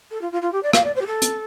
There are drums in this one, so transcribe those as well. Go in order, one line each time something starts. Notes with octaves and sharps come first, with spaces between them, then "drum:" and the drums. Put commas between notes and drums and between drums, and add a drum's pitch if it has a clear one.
A4
F4
F4
F4
G4
D5
F5, drum: rim click
D5
C5
G4
A4
drum: hi-hat